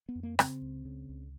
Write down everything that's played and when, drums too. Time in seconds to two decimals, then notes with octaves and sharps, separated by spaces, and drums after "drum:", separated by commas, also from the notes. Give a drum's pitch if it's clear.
0.09 B3
0.15 F2
0.23 A#3
0.39 C#3 C4, drum: rim click
0.62 C#2
0.85 C#3
1.09 C#2